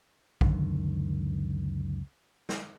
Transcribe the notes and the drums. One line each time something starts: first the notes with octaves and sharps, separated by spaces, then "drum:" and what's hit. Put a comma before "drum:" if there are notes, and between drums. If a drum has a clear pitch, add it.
C#2 F#2 D3 D#3, drum: kick A#1
drum: snare